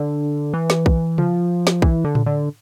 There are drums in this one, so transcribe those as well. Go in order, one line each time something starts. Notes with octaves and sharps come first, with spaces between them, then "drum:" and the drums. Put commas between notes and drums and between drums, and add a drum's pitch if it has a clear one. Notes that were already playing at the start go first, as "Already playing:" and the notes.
Already playing: D3
E3
drum: snare
drum: kick A#1
F3, drum: tom C#3
drum: snare
E3, drum: kick A#1
D3
drum: tom A2
D3